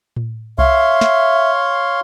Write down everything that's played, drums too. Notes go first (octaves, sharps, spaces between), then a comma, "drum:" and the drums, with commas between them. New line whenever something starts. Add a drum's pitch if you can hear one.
drum: tom A2
C#5 E5 F5 C6, drum: kick C2
drum: snare